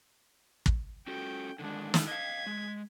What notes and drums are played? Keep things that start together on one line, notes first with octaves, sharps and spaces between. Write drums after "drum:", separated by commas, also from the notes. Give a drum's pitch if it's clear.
drum: kick
C#4 F#4 A4 G5
D3 D#3 G#3 D4
drum: snare
D#5 F5 G#6 B6
G#3